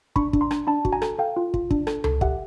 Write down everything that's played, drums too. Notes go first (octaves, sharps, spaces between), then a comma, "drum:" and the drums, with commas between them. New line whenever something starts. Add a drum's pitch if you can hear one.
D4 B5 C#6, drum: kick
D4, drum: kick
A#5 C6
D4, drum: rim click
D4 A5 B5
F#4, drum: kick
G#5 A#5
A4, drum: rim click
A4 F5 G5
F4
F4, drum: kick
D4, drum: kick
A4, drum: rim click
A4, drum: tom C#2
G4 E5 F#5, drum: kick